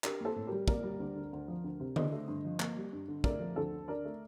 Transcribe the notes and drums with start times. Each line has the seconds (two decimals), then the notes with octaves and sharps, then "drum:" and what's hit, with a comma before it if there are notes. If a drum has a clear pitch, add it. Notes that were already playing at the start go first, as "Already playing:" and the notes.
0.04 D4 G4 A#4, drum: clap
0.20 A#3 A4 C5
0.36 A2
0.47 G3 G4 A#4
0.68 A#3 A#4 D5, drum: kick
0.83 G3
1.00 D2
1.15 D3
1.33 D2
1.48 F3
1.64 D2
1.80 C3
1.96 D4 C5 D#5, drum: tom D3
2.12 A3
2.28 G2
2.45 F3
2.60 A#3, drum: clap
2.77 G3
2.92 G2
3.08 D3
3.24 A3 A#4 D5, drum: kick
3.40 F3
3.56 D2 A4 C5
3.72 D3
3.88 D4 A#4 D5
4.05 A3